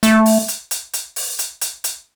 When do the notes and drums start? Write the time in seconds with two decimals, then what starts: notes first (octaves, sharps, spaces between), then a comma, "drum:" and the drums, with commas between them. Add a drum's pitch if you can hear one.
0.03 A3, drum: hi-hat
0.26 drum: open hi-hat
0.48 drum: hi-hat
0.71 drum: hi-hat
0.93 drum: hi-hat
1.16 drum: open hi-hat
1.39 drum: hi-hat
1.61 drum: hi-hat
1.84 drum: hi-hat